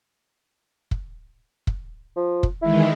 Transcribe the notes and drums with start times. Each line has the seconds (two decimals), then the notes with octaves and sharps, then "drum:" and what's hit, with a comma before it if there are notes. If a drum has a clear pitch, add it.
0.91 drum: kick
1.67 drum: kick
2.16 F3
2.43 drum: kick
2.62 D#3 E3 G#3 E4